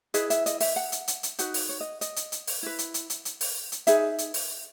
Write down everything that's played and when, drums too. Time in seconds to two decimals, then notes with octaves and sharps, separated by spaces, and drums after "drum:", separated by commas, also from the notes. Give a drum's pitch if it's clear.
0.14 E4 G#4 B4 D#5, drum: hi-hat
0.30 E5, drum: hi-hat
0.46 D#5, drum: hi-hat
0.61 E5, drum: open hi-hat
0.76 F#5
0.92 drum: hi-hat
1.08 drum: hi-hat
1.23 drum: hi-hat
1.39 D#4 F#4 B4 F#5, drum: hi-hat
1.54 drum: open hi-hat
1.69 C#5
1.81 D#5
2.01 D#5, drum: hi-hat
2.16 drum: hi-hat
2.32 drum: hi-hat
2.47 drum: open hi-hat
2.63 E4 B4
2.79 drum: hi-hat
2.94 drum: hi-hat
3.10 drum: hi-hat
3.25 drum: hi-hat
3.41 drum: open hi-hat
3.72 drum: hi-hat
3.87 D#4 G#4 B4 E5, drum: hi-hat
4.18 drum: hi-hat
4.34 drum: open hi-hat